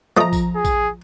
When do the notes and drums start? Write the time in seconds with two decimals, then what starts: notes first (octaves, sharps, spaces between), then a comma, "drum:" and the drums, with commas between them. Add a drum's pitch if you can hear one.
0.17 F3 A3 D#5 A#5
0.33 drum: kick A#1, tambourine
0.55 G#4
0.65 drum: kick A#1, tambourine